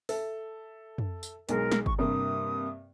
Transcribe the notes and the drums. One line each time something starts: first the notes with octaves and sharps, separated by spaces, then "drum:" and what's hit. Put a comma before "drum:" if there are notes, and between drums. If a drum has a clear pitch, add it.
A4 E5, drum: open hi-hat
drum: tom
drum: tambourine
B1 G#3 A#4, drum: hi-hat
drum: snare
C#6, drum: kick
G2 C3 A#3 D#6